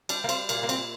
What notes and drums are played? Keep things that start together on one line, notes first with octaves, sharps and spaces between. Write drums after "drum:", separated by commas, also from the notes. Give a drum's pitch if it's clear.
G3 D4, drum: cymbal
A#3
C4, drum: cymbal
A#2 A#3, drum: cymbal
A#3
C4, drum: cymbal